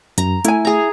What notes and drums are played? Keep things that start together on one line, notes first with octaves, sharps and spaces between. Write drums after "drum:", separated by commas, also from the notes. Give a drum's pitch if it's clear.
F#2 A#5, drum: hi-hat
A3 E4 G#5, drum: hi-hat
G#4 A#5